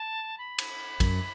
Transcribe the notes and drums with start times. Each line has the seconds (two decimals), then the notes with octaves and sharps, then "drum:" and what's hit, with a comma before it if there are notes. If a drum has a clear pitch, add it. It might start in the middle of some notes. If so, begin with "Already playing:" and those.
Already playing: A5
0.38 B5
0.59 drum: cymbal
1.00 F#2, drum: kick, cymbal